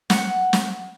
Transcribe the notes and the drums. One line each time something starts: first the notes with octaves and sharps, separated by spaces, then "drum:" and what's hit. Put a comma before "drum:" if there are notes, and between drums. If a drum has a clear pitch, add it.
F#5, drum: snare
drum: snare